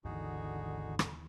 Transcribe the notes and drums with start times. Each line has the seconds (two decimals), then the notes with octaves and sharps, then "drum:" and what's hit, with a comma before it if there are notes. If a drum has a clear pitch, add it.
0.05 G#1 D#2 D3 E3 D#4 F#4 G#4
0.99 drum: rim click